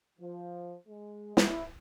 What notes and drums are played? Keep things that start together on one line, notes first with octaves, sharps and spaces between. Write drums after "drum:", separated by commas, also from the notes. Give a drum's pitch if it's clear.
F3
G#3
E4, drum: snare